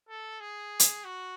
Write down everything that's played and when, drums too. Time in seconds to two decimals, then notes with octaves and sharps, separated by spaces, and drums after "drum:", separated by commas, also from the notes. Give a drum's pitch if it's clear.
0.09 A4
0.40 G#4
0.80 drum: hi-hat
1.05 F#4